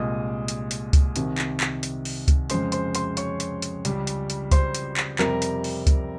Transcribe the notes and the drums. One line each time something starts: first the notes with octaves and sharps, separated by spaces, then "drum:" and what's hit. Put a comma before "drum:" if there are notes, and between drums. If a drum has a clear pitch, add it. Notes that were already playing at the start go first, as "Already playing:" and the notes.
Already playing: C2 A#2 G#3 D#5 D#6
drum: hi-hat
drum: hi-hat
drum: kick C#2, hi-hat
C2 C3 D#3, drum: hi-hat
drum: clap
drum: clap
drum: hi-hat
drum: open hi-hat
drum: kick C#2, hi-hat
F2 C#3 G#3 C5 C6, drum: hi-hat
C5 C6, drum: hi-hat
C5 C6, drum: hi-hat
C#5 C#6, drum: hi-hat
drum: hi-hat
drum: hi-hat
C#2 C#3 G3, drum: hi-hat
drum: hi-hat
drum: hi-hat
C5 C6, drum: kick C#2, hi-hat
drum: hi-hat
drum: clap
F2 C3 G3 A#4 A#5, drum: clap
drum: hi-hat
drum: open hi-hat
drum: kick C#2, hi-hat